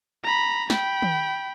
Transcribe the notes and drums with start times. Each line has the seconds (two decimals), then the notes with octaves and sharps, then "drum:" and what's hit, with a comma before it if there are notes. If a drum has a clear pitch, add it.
0.23 A#5 B5
0.70 G5 B5, drum: snare
1.02 drum: tom D#3